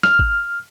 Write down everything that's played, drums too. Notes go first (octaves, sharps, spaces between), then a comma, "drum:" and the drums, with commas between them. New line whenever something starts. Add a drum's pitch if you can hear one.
F6, drum: snare
drum: kick G#1